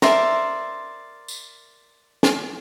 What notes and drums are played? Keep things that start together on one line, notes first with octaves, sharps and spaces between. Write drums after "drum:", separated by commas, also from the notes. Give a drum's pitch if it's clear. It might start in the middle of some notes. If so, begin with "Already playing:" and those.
A#4 C5 D5 E5, drum: snare
drum: tambourine
drum: snare